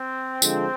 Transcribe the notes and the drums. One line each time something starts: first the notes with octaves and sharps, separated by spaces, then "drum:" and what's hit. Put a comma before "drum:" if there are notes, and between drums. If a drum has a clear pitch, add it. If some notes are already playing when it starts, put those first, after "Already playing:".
Already playing: C4
D3 F3 G#3, drum: tambourine